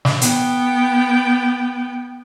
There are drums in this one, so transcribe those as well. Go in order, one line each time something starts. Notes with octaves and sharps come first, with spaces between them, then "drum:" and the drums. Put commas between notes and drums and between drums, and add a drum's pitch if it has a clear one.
drum: snare
B3 G5, drum: hi-hat